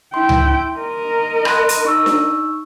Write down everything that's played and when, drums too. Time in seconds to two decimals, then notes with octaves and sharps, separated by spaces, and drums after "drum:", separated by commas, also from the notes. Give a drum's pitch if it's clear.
0.14 E4 G5 C6
0.29 drum: tom C#2
0.78 A#4 D#5
1.45 B5 C6 F#6, drum: rim click
1.69 drum: hi-hat
1.85 D#4 C#6 E6
2.06 drum: snare D4